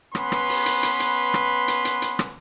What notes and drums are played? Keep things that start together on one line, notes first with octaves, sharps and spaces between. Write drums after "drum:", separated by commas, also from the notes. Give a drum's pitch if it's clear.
B3 C#4 B4 B5 C6, drum: rim click
drum: rim click
drum: open hi-hat
drum: hi-hat
drum: hi-hat
drum: hi-hat
drum: rim click
drum: hi-hat
drum: hi-hat
drum: hi-hat
drum: rim click